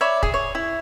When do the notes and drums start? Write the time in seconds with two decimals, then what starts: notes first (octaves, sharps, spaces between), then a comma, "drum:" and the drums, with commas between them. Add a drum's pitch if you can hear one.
0.01 C#5 D5 E5 B5
0.23 G#4, drum: kick
0.34 C#5
0.55 E4